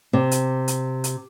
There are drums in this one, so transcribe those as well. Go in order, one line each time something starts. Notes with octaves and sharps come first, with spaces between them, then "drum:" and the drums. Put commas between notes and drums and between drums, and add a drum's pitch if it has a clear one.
C3
drum: hi-hat
drum: hi-hat
drum: hi-hat